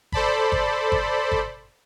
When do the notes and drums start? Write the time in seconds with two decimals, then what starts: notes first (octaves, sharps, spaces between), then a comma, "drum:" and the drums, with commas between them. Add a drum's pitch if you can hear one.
0.12 A4 C5 D5 A5 B5, drum: kick G1
0.52 drum: kick G1
0.92 drum: kick G1
1.32 drum: kick G1